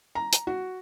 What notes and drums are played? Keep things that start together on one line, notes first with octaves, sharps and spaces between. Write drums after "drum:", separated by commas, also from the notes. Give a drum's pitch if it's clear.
A#5
drum: hi-hat
F#4